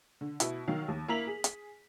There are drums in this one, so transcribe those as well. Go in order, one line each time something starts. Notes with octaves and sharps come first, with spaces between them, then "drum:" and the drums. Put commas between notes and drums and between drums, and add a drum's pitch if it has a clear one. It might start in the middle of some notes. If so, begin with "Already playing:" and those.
D3
B2 E4, drum: hi-hat
D#3 F#3 F5
D#2
A#3 E4 A#5 B6 F7 F#7
G#4
drum: hi-hat